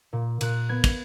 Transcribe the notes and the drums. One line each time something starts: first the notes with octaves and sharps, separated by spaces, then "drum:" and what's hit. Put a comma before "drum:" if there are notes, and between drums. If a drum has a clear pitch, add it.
A#2
A#2 F#6, drum: cymbal
B3 G#6
drum: kick, cymbal